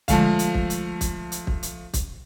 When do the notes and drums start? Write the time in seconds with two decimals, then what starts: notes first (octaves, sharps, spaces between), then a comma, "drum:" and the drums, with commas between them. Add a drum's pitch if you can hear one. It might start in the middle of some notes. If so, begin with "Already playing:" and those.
0.08 D3 F3 G#3 A3 F5 A5, drum: kick, hi-hat
0.39 drum: hi-hat
0.54 drum: kick
0.70 drum: hi-hat
1.01 drum: kick, hi-hat
1.32 drum: hi-hat
1.47 drum: kick
1.63 drum: hi-hat
1.94 drum: kick, hi-hat